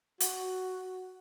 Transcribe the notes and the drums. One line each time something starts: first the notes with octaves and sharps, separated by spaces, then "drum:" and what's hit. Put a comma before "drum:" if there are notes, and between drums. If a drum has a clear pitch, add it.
F#4, drum: hi-hat